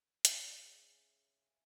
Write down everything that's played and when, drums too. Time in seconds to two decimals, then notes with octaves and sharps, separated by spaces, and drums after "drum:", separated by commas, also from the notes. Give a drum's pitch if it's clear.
0.25 C#3 E5, drum: hi-hat